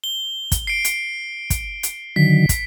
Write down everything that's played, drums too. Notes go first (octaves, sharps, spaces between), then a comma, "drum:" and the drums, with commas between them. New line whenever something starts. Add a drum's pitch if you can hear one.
G7
drum: kick, hi-hat
C7 D7
drum: hi-hat
drum: kick, hi-hat
drum: hi-hat
D3 D#3 F#3 B6
drum: kick, hi-hat